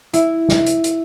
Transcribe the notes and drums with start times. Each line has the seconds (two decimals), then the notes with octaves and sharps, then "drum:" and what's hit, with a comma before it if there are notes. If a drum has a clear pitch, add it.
0.13 E4, drum: hi-hat
0.49 drum: snare
0.66 drum: hi-hat
0.84 drum: hi-hat